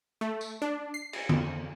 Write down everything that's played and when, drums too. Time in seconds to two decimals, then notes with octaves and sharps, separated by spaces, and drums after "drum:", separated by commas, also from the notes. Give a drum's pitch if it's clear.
0.21 A3
0.41 drum: tambourine
0.62 D4
0.94 C7
1.13 drum: cymbal
1.29 F2, drum: tom D3